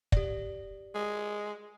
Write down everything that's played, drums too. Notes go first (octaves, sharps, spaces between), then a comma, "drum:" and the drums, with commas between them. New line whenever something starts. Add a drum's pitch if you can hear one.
G4 D5, drum: kick
G#3